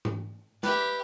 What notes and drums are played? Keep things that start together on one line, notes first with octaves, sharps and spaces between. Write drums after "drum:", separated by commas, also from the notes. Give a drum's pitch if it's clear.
drum: tom G#2
G4 B4 D5 E5, drum: snare